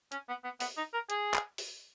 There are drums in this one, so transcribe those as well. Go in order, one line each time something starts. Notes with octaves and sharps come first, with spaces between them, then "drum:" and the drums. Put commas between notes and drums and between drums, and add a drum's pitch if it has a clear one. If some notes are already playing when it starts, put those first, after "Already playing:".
C#4, drum: hi-hat
B3
B3
B3, drum: open hi-hat
D#4
A#4
G#4, drum: hi-hat
drum: clap
drum: open hi-hat